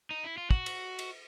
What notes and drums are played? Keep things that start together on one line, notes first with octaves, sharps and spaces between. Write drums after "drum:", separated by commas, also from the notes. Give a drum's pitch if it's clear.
D#4
E4
F4
F#4, drum: kick
drum: cymbal
drum: cymbal